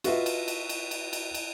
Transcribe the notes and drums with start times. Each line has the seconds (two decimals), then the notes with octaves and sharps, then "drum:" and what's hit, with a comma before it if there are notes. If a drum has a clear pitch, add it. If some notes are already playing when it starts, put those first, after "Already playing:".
0.04 F4 F#4 B4 D#5 E5, drum: cymbal
0.26 drum: cymbal
0.48 drum: cymbal
0.69 drum: cymbal
0.91 drum: cymbal
1.13 drum: cymbal
1.34 drum: cymbal